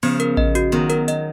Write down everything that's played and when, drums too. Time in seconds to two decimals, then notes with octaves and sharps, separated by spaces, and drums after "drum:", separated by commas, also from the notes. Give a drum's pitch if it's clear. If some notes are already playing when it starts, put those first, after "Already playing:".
0.03 C#3 F3 B3, drum: open hi-hat
0.20 A#4, drum: hi-hat
0.37 D#5, drum: kick A1
0.55 F#4, drum: hi-hat
0.72 D#3 F#3 B3
0.90 A#4, drum: hi-hat
1.08 D#5, drum: hi-hat